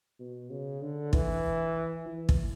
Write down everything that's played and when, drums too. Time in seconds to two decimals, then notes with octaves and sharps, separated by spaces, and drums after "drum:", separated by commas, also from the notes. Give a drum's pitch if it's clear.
0.20 B2
0.50 C#3
0.82 D3
1.13 E3, drum: kick
2.06 E3
2.29 drum: kick